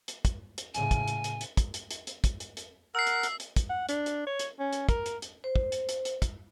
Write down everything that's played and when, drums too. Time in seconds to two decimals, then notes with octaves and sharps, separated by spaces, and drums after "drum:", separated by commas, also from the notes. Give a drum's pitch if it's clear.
0.08 drum: hi-hat
0.25 drum: kick, hi-hat
0.58 drum: hi-hat
0.74 A2 C#3 G#5, drum: hi-hat
0.91 drum: kick, hi-hat
1.08 drum: hi-hat
1.24 drum: hi-hat
1.41 drum: hi-hat
1.57 drum: kick, hi-hat
1.74 drum: hi-hat
1.91 drum: hi-hat
2.07 drum: hi-hat
2.24 drum: kick, hi-hat
2.40 drum: hi-hat
2.57 drum: hi-hat
2.95 A#4 F#5 E6 C7
3.07 drum: hi-hat
3.23 drum: hi-hat
3.40 drum: hi-hat
3.56 drum: kick, hi-hat
3.70 F#5
3.89 D4, drum: hi-hat
4.06 drum: hi-hat
4.27 C#5
4.39 drum: hi-hat
4.59 C#4
4.73 drum: hi-hat
4.89 A#4, drum: kick, hi-hat
5.06 drum: hi-hat
5.22 drum: hi-hat
5.44 C5
5.56 drum: kick
5.72 drum: hi-hat
5.89 drum: hi-hat
6.05 drum: hi-hat
6.22 drum: kick, hi-hat